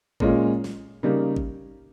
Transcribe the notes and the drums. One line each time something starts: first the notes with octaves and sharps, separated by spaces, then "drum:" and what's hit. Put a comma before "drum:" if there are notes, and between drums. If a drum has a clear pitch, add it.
A#2 G#3 C#4 F4, drum: kick G#1
drum: snare
C#3 G3 A#3 D#4
drum: kick G#1